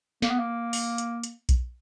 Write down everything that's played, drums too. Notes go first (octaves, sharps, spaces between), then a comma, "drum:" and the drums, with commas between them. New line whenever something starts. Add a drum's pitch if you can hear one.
A#3, drum: snare
B3
A#3
drum: open hi-hat
drum: hi-hat
drum: hi-hat
drum: kick B1, hi-hat